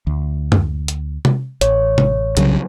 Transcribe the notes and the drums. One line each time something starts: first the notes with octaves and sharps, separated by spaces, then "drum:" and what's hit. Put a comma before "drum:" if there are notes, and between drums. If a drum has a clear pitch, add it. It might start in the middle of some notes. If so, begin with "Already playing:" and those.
D2
drum: tom F#2
drum: hi-hat
drum: tom C3
A1 C#5, drum: hi-hat
drum: tom C3
C2 C#3 F#3, drum: hi-hat